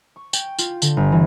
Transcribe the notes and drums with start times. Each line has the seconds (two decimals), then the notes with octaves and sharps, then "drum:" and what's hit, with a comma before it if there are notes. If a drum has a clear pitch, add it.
0.16 C#6
0.33 G5, drum: tambourine
0.59 F4, drum: tambourine
0.82 D3, drum: tambourine
0.97 G1
1.12 E3